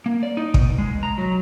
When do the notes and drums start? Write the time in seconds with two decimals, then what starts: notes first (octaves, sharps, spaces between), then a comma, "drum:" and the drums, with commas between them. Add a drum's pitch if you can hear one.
0.06 A#3
0.23 D5
0.37 D#4
0.54 B2, drum: kick
0.78 G#3
1.03 A#5
1.18 F#3